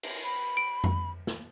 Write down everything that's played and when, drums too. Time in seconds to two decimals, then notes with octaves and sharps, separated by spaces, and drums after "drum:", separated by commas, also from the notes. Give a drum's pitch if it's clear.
0.03 drum: cymbal
0.24 B5
0.57 D7
0.84 drum: tom F2
1.27 drum: snare